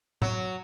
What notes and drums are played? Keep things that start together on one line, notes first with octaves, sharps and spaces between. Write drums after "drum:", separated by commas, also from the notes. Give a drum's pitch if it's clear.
F#3, drum: tom